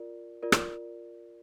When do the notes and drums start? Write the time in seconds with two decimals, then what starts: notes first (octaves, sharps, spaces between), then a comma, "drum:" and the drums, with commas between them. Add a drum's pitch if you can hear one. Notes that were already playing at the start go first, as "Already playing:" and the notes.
Already playing: F4 A#4 D5
0.43 F4 A#4 D5
0.52 drum: rim click